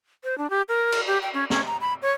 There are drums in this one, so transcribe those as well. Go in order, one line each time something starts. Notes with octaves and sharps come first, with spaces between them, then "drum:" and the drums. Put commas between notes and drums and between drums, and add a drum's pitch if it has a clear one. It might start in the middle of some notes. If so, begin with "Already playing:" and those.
C5
D4
G4
A#4
drum: cymbal
G4
G5
C#4
C#4, drum: snare
A#5
B5
C#5